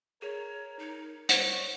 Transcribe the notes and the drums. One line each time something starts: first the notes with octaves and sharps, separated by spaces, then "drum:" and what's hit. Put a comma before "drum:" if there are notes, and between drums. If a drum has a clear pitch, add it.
G#4 A#4 C#5
D#4
G3 C5 C#5 F#5 G6, drum: hi-hat